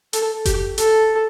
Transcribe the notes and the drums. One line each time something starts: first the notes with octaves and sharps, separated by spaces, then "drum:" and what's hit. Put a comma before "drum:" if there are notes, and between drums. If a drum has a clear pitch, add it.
A4, drum: hi-hat
G4, drum: kick F#1, hi-hat
A4, drum: hi-hat